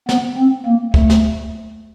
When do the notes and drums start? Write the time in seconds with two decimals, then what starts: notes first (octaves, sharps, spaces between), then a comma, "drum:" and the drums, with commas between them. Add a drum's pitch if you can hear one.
0.09 B3, drum: snare
0.38 C4
0.66 A#3
0.94 A3, drum: kick
1.10 drum: snare